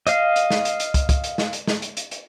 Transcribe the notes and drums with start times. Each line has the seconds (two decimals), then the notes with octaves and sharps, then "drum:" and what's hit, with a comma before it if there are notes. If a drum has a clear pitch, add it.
0.07 D#5 F5, drum: hi-hat
0.36 drum: hi-hat
0.50 drum: snare
0.65 drum: hi-hat
0.80 drum: hi-hat
0.94 drum: kick, hi-hat
1.09 drum: kick, hi-hat
1.24 drum: hi-hat
1.38 drum: snare
1.53 drum: hi-hat
1.67 drum: snare
1.82 drum: hi-hat
1.97 drum: hi-hat
2.11 drum: hi-hat